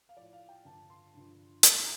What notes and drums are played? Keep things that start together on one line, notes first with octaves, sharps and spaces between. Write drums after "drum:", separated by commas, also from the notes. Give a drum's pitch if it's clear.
F5
A2 F3 D5
F5
G5
G2 D3 F3 A5
C6
G2 D3 F3
A2 F3 C6, drum: hi-hat